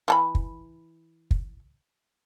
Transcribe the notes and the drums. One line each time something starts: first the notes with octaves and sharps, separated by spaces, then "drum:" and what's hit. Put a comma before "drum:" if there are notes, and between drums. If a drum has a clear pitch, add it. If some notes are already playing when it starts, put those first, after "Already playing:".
E3 A5 B5
drum: kick
drum: kick